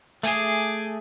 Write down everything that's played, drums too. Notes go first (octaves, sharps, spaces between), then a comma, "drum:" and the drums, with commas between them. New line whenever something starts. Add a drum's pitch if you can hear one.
A3 G#4 G#5 D6, drum: hi-hat